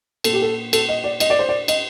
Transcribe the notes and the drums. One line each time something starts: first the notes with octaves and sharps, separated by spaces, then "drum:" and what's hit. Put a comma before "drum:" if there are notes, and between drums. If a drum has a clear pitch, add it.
A#2 A4, drum: cymbal
G4
A4
A4, drum: cymbal
D#5
D5
D#5, drum: cymbal
D5
C5
D5
D#5, drum: cymbal